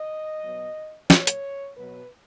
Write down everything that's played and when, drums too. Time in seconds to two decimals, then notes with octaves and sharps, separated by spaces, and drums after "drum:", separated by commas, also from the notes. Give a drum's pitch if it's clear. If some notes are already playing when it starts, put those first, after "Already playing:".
Already playing: D#5
0.42 B2 F#3
1.10 A#2 F#3 C#5, drum: snare
1.27 drum: hi-hat
1.77 B2 F#3 B4